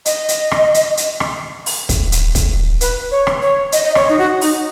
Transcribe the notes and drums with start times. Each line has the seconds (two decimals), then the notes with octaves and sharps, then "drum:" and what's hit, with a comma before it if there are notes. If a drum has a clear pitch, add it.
0.05 D#5, drum: hi-hat
0.28 drum: hi-hat
0.51 drum: rim click
0.74 drum: hi-hat
0.97 drum: hi-hat
1.20 drum: rim click
1.66 drum: open hi-hat
1.89 drum: kick, hi-hat
2.12 drum: hi-hat
2.35 drum: kick, hi-hat
2.81 B4, drum: hi-hat
3.11 C#5
3.27 drum: rim click
3.42 C#5
3.72 D#5, drum: hi-hat
3.84 D#5
3.95 C#5, drum: rim click
4.09 D#4
4.18 F#4
4.41 D#4, drum: open hi-hat